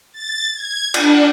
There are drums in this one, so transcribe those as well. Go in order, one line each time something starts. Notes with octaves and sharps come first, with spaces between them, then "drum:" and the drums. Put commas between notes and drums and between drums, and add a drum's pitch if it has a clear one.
A6
G#6
D4, drum: cymbal